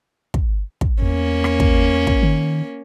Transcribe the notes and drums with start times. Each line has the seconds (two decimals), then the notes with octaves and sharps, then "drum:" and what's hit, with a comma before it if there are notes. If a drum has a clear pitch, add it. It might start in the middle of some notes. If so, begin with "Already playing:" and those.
0.34 drum: kick
0.81 drum: kick
1.02 E2 A#3 C#4
1.44 drum: rim click
1.60 drum: kick
2.07 drum: kick
2.23 D#3